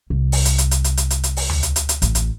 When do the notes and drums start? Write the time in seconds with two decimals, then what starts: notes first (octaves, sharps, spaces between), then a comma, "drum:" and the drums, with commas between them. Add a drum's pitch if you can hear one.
0.10 C2
0.32 drum: open hi-hat
0.45 drum: hi-hat
0.58 drum: hi-hat
0.71 drum: hi-hat
0.84 drum: hi-hat
0.97 drum: hi-hat
1.10 drum: hi-hat
1.23 drum: hi-hat
1.37 drum: open hi-hat
1.50 drum: tom D2
1.63 drum: hi-hat
1.76 drum: hi-hat
1.89 drum: hi-hat
2.02 A1, drum: hi-hat
2.15 drum: hi-hat